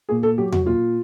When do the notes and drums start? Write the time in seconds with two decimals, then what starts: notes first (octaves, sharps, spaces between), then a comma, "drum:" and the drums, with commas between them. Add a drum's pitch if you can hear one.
0.09 A#2 G#4
0.23 A4
0.38 F#3 G4
0.52 F#4, drum: tom E2
0.66 A#2 F4